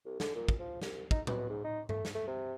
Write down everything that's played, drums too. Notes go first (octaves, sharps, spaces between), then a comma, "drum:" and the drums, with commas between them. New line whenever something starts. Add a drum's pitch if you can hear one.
C2
D3, drum: snare
A#2
drum: kick
F3
C2, drum: snare
D#4, drum: kick
B2, drum: tom A2
G#2
D#4
A3, drum: tom G2
drum: snare
A3
C3